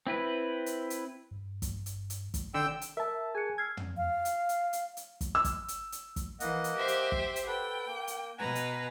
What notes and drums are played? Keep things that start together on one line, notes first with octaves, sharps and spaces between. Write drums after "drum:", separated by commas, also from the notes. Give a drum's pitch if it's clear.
C4 E4 B4
drum: hi-hat
drum: hi-hat
G2
drum: kick, hi-hat
drum: hi-hat
drum: hi-hat
drum: kick, hi-hat
D3 D#3 G5 E6
drum: hi-hat
A#4 E5 A5
G#4 G#5 F#6 C#7
E6 F6 G#6 C7
drum: tom
F5
drum: hi-hat
drum: hi-hat
drum: hi-hat
drum: hi-hat
drum: kick, hi-hat
E6
drum: kick, hi-hat
drum: hi-hat
drum: hi-hat
drum: kick, hi-hat
E3 A#3 D#5 F#5, drum: hi-hat
drum: hi-hat
G4 C5 E5
drum: hi-hat
drum: kick
drum: hi-hat
A4 B4 F#5 G5
A#3
drum: hi-hat
B2 B4 F#5 G#5 A#5
drum: hi-hat